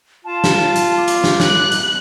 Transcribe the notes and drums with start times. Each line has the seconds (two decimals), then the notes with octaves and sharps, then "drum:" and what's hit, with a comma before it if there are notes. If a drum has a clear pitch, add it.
0.25 F4 A5
0.44 drum: snare
0.76 drum: hi-hat
0.97 D6
1.08 drum: hi-hat
1.24 drum: snare
1.40 F#6, drum: snare
1.72 drum: hi-hat